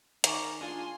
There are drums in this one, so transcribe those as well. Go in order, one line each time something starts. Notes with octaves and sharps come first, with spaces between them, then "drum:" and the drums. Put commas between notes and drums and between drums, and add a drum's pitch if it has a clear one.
D#3 G#4 D5 A#5 C#6, drum: hi-hat
D4 F4 G#4 G#5 C6